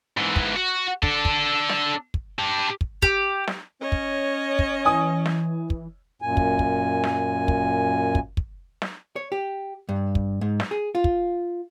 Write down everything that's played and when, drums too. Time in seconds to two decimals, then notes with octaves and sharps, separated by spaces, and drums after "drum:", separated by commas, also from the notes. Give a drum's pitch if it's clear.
0.17 G#2 E3
0.36 drum: kick
0.56 F#4
1.03 D4 A4, drum: kick
1.25 drum: kick
1.69 drum: snare
2.14 drum: kick
2.39 G4 A5
2.81 drum: kick
3.02 G4, drum: kick
3.48 drum: snare
3.81 C#4 C#5 D#5
3.92 drum: kick
4.59 drum: kick
4.85 E3 G#5 D#6
5.26 drum: snare
5.70 drum: kick
6.22 F#2 A#2 G#5
6.37 drum: kick
6.59 drum: kick
7.04 drum: snare
7.48 drum: kick
8.15 drum: kick
8.37 drum: kick
8.82 drum: snare
9.16 C#5
9.32 G4
9.89 G2
10.15 drum: kick
10.41 G#2
10.60 drum: snare
10.71 G#4
10.95 F4
11.04 drum: kick